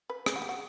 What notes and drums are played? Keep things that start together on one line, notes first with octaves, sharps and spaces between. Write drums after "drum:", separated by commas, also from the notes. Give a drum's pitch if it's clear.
B4
drum: rim click
F#4
G4
F#4